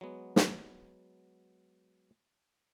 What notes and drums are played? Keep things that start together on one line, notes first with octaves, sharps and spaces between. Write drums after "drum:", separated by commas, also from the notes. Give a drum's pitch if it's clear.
F#3 G#3 B3
drum: snare